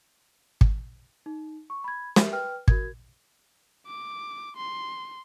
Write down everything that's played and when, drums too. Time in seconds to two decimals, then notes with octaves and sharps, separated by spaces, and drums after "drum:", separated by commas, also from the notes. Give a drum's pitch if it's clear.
0.61 drum: kick
1.26 D#4
1.70 C#6
1.84 B5 G#6
2.16 G4 A#4 E5, drum: snare
2.32 B4 G5 F6
2.68 F#4 A#4 G#6, drum: kick
3.86 D6
4.57 C6